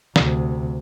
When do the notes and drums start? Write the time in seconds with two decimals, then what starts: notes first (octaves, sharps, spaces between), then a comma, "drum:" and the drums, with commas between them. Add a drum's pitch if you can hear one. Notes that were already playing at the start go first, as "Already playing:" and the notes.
0.16 D2 C3, drum: snare